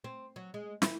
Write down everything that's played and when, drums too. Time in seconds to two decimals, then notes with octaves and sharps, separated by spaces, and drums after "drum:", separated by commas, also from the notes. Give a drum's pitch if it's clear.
0.04 C4
0.36 F#3
0.54 G#3
0.82 E4, drum: snare